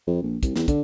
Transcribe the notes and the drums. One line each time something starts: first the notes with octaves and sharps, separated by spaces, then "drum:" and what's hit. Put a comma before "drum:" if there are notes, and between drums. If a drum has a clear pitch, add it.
F2
A#1
C2, drum: kick, hi-hat
E2, drum: snare
D3, drum: kick, hi-hat